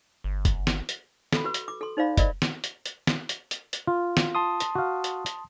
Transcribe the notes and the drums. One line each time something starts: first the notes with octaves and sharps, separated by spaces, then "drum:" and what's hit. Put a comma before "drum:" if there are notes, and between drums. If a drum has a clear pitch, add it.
G1
drum: kick, hi-hat
drum: snare
drum: hi-hat
A4 B5, drum: snare
F#4 B4
drum: hi-hat
D6
A4 C6
D#4 C5 D5 F5 B5
A#4 D5 D#5 B5, drum: kick, hi-hat
drum: snare
drum: hi-hat
drum: hi-hat
drum: snare
drum: hi-hat
drum: hi-hat
drum: hi-hat
F4
drum: snare
A5 C6 D#6
drum: hi-hat
F#4 F5
drum: hi-hat
drum: hi-hat